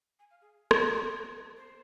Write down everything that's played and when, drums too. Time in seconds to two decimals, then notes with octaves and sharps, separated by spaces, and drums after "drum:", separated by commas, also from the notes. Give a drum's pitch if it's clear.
0.19 G#5
0.31 F5
0.42 G#4
0.71 drum: rim click
1.57 C5